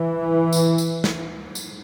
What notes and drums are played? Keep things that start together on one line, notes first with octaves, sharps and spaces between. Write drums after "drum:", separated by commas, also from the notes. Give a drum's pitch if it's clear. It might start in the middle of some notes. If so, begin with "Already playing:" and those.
Already playing: E3
drum: tambourine
drum: tambourine
drum: snare
drum: tambourine